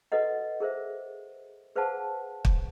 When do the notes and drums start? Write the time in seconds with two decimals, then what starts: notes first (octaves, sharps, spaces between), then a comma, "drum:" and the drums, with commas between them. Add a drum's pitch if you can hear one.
0.12 F#4 A4 B4 D#5 F#5
0.60 G#4 A#4 C5 E5
1.76 G#4 B4 C5 F5 F#5 A5
2.45 drum: kick